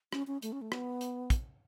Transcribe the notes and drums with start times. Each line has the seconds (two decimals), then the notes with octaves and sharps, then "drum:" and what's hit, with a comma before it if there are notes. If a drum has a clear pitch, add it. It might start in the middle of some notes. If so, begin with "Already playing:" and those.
0.13 C#4, drum: rim click
0.27 C#4
0.42 A3, drum: hi-hat
0.52 C#4
0.62 A3
0.72 B3, drum: rim click
1.01 drum: hi-hat
1.30 drum: kick, hi-hat